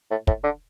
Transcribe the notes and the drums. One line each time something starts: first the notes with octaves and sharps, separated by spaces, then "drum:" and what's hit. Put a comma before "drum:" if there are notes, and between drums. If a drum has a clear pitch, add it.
A2
A2, drum: kick
D3